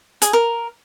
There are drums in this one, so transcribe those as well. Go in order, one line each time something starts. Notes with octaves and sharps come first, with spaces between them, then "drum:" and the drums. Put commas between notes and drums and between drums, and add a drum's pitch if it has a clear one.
G#4, drum: hi-hat
A#4